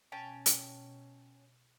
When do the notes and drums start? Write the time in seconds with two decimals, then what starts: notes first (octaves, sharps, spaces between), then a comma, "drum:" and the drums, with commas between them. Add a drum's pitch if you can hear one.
0.12 B2 C#4 G5 A5
0.46 drum: hi-hat